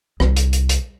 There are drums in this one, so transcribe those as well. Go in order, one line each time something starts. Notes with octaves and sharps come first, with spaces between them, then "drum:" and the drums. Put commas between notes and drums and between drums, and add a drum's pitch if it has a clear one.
C2, drum: rim click
drum: hi-hat
drum: hi-hat
drum: hi-hat